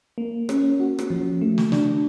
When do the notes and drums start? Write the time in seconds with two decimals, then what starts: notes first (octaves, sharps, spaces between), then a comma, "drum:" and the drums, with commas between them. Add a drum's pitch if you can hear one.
0.18 A#3
0.49 C#4, drum: rim click
0.80 F#4
0.99 drum: rim click
1.10 F3
1.42 A3
1.58 drum: snare
1.72 D4, drum: snare